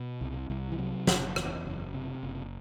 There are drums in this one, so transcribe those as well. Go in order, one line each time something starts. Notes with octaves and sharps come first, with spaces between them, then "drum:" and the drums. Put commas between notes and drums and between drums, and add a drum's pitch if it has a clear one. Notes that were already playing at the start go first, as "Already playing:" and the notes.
Already playing: B2
C2
C2
E3
C3 F#3
F#1, drum: snare
E2, drum: rim click
F#1
C3
F#1